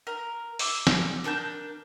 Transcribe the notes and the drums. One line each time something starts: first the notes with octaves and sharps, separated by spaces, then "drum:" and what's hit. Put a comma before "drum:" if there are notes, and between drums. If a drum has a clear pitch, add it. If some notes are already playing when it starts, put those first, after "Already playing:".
A#4
E5 D6, drum: open hi-hat
drum: snare
D4 A#4 A5 G6